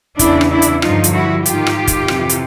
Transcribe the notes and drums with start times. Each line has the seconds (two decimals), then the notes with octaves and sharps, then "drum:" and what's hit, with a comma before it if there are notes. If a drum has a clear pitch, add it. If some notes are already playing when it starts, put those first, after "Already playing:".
0.19 E2 C#3 E3 D4 E4, drum: kick, hi-hat
0.41 drum: rim click
0.52 D4 E4
0.62 drum: hi-hat
0.82 G2 D3 F3 D#4 F4, drum: rim click
1.04 drum: hi-hat
1.14 E4 F#4
1.46 G#2 D#3 F4 G4, drum: hi-hat
1.67 drum: rim click
1.88 drum: kick, hi-hat
2.08 F2 C3 E3, drum: rim click
2.29 drum: hi-hat